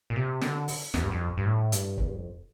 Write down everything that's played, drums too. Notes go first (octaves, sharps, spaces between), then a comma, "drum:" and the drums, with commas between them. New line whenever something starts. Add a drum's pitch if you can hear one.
A#2
C3
D3, drum: snare
drum: open hi-hat
E2, drum: snare
G2
F2
G2
A2
G2, drum: hi-hat
E2, drum: kick
G2
F2